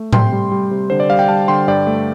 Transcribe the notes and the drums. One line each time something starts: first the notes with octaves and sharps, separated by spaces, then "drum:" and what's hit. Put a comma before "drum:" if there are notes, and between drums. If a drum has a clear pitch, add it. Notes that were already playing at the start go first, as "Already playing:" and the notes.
Already playing: A3
C3 G5 C6, drum: tom A2
G3
G3
C3
D3 C5
D5
G3 F5
G5
G3 F5 A5
D3 G5 C6
G2 D5 G5
A3